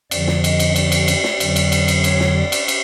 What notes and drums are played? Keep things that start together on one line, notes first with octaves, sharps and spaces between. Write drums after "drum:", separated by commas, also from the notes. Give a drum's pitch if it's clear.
F2 D3 F3 D5, drum: cymbal
drum: snare
D#5, drum: cymbal
drum: cymbal
D5, drum: cymbal
drum: cymbal
drum: cymbal
drum: snare
F2 D3 F#3, drum: cymbal
drum: cymbal
drum: cymbal
drum: cymbal
C#5, drum: cymbal
drum: snare
D5
drum: cymbal
drum: cymbal